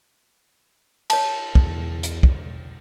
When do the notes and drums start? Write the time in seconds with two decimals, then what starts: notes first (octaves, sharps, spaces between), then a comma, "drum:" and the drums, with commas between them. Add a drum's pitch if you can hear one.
1.10 C#5 A5, drum: cymbal
1.55 E2, drum: kick
2.03 drum: hi-hat
2.23 drum: kick